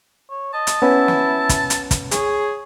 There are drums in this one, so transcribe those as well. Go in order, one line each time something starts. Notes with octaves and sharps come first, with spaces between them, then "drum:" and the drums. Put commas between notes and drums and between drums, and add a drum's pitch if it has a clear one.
C#5
D#5 A5
drum: hi-hat
B3 C#4 E4
drum: snare
drum: kick, hi-hat
drum: hi-hat
drum: kick, hi-hat
G#4 C#5, drum: hi-hat